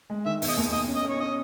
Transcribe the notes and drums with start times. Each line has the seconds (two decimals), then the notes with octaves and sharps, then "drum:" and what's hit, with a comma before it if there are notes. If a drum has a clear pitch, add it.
0.10 G#3
0.26 D#3 E5
0.42 E1, drum: open hi-hat
0.49 D#5
0.57 D#2
0.72 B1 D#5
0.88 C#4
0.96 D#5
1.04 B1
1.10 C#5
1.20 C#4 D#5